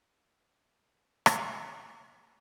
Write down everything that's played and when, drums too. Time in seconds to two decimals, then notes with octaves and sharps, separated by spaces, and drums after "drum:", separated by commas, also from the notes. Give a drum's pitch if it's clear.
0.14 B3 A4 B4
1.26 drum: rim click